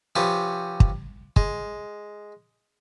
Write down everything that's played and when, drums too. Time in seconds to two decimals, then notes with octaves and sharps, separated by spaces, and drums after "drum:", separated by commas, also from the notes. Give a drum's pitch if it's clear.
0.16 C3 F3 C#4 B4
0.80 drum: kick
1.36 G#3, drum: kick